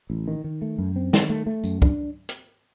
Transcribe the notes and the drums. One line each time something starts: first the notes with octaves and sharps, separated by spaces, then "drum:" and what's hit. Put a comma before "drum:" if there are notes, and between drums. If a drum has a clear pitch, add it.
A1
D#3
D#3
A3
F#2
C4
D#3, drum: snare
A3
A3
F#2, drum: tambourine
D4, drum: kick
drum: hi-hat